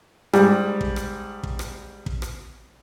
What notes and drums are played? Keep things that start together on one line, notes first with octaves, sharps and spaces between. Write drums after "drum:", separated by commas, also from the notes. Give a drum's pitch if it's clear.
G#2 G3, drum: rim click
drum: kick
drum: rim click
drum: kick
drum: rim click
drum: kick
drum: rim click